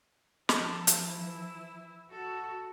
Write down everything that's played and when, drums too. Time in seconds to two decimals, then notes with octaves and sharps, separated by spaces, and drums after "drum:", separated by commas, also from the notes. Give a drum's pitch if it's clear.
0.49 E3 F3 A4, drum: snare
0.87 drum: hi-hat
1.01 E4
2.11 F#4 A4